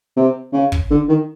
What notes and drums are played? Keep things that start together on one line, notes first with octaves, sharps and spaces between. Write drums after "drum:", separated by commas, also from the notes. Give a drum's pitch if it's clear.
C3
C#3
drum: kick
D3
D#3